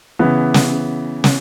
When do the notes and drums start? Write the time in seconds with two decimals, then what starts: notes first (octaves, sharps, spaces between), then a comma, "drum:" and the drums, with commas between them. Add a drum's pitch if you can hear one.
0.19 C#3 E3 B3
0.54 drum: snare
1.24 drum: snare